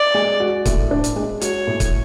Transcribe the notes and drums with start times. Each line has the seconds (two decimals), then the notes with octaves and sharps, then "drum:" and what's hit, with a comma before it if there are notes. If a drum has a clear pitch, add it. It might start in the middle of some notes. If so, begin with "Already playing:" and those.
Already playing: D5
0.15 G#3
0.40 F#4
0.66 A2, drum: kick, hi-hat
0.91 D4
1.04 drum: hi-hat
1.16 G#3
1.41 F#4 C#5, drum: hi-hat
1.67 A2
1.80 drum: kick, hi-hat